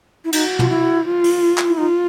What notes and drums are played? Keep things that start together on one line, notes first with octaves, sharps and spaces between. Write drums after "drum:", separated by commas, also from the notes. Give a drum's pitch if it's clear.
E4
D#4 F#4, drum: cymbal
F4, drum: tom
E4
F4
drum: open hi-hat
drum: clap
E4
D#4 F4